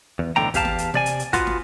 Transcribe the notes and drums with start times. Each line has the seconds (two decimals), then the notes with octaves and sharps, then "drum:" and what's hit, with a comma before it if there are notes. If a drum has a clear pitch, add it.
0.19 E2
0.36 B1 A2 D3 G5 A#5, drum: snare
0.54 E2 G4 F5 A5, drum: kick, hi-hat
0.65 drum: snare
0.78 drum: hi-hat
0.94 C3 D5 G#5, drum: snare
1.06 drum: hi-hat
1.19 drum: hi-hat
1.33 B3 F4 F#4, drum: kick, hi-hat
1.47 drum: snare